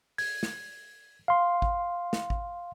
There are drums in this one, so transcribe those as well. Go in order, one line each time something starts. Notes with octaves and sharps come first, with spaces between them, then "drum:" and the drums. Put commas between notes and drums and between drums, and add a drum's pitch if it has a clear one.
G#6, drum: open hi-hat
drum: snare
F5 C6
drum: kick A1
drum: snare
drum: kick A1